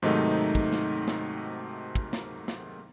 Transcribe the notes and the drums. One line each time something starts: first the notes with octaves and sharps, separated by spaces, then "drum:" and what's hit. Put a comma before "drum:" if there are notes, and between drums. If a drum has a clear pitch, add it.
G#2 C3 D#3 F#3 A3 D#4
drum: kick
drum: snare
drum: snare
drum: kick
drum: snare
drum: snare